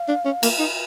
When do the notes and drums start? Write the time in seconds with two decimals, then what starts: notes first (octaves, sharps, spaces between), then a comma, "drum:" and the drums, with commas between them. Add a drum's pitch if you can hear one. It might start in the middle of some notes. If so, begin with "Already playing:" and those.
Already playing: F5
0.08 D4
0.25 C#4
0.43 A#3, drum: cymbal
0.59 D#4